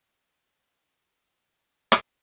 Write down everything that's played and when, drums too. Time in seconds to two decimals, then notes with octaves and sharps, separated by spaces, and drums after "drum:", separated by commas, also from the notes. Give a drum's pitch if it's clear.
0.25 G5 A#5 E6 F#7
1.92 drum: rim click